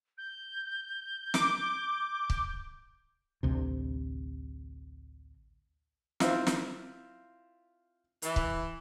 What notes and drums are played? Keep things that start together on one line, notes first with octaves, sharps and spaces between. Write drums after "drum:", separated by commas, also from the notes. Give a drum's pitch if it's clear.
G6
D6, drum: snare
drum: kick
A1 D2 C3
C4 E4 F4, drum: snare
drum: snare
E3, drum: hi-hat
drum: kick